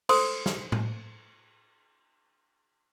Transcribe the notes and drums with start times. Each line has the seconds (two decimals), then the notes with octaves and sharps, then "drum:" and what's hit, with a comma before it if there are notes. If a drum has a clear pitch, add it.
0.09 A4 C5 C6 D#6 E6, drum: cymbal
0.46 drum: snare
0.72 drum: tom A2